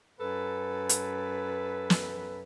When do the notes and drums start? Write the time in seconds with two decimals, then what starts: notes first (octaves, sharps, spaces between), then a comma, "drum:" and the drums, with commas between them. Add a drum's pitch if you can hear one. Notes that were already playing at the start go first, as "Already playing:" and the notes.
0.19 F#2 A4 B4
0.89 drum: hi-hat
1.90 drum: snare